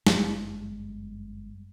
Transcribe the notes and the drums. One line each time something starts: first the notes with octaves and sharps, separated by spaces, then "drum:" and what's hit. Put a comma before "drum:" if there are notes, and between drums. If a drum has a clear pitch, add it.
G1 F#2 G3 G#3, drum: snare